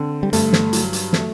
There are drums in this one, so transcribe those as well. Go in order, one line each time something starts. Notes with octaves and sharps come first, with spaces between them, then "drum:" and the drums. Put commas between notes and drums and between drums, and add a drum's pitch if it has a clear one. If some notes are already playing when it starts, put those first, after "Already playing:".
Already playing: D3 C4
G3
G2 A3, drum: hi-hat
drum: snare
F#3, drum: hi-hat
drum: hi-hat
A3, drum: snare